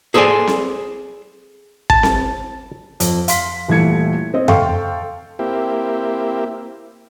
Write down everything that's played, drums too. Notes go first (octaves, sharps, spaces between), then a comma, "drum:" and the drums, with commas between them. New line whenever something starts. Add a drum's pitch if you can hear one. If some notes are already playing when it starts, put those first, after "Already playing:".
G#4 A4 C5 D5 G#5
drum: snare C4
A5, drum: kick
drum: snare C4
F2, drum: hi-hat
F5 C6 B6, drum: hi-hat
D#1 E3 A3 G#6 C#7
C4 D#5
A4 F5 G5 C6 C#6, drum: tom F2
A#3 C4 E4 G4